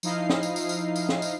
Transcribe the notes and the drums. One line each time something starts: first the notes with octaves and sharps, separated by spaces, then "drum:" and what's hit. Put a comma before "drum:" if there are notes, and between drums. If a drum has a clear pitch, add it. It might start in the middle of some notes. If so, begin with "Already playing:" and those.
F3 D#4 E4 D#5 F5 C7, drum: tambourine
drum: snare
drum: tambourine
drum: tambourine
drum: tambourine
drum: tambourine
drum: snare
drum: tambourine